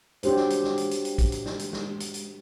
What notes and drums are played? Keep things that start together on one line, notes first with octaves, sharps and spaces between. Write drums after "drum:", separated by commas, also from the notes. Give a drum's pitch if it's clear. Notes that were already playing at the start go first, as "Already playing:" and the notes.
D4 F#4 G4 C5 C#5, drum: hi-hat
drum: snare
drum: hi-hat
drum: snare
drum: hi-hat
drum: hi-hat
drum: hi-hat
drum: kick, hi-hat
drum: hi-hat
drum: snare
drum: hi-hat
drum: snare
drum: hi-hat
drum: hi-hat